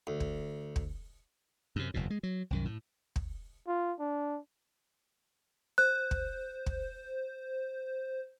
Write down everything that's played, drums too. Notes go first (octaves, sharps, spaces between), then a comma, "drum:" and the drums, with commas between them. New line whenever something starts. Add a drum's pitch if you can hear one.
D2
drum: kick
drum: kick
F#2 C3
F#1 E2 B2
G#3
F#3
C2 F#2 D#3
A2
drum: kick
F4
D4
C5 F#6
drum: kick
drum: kick